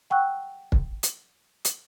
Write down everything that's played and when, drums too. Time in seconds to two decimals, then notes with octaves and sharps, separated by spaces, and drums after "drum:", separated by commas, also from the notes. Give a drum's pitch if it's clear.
0.10 F#5 G5 C#6 E6 F#6
0.72 drum: kick
1.03 drum: hi-hat
1.65 drum: hi-hat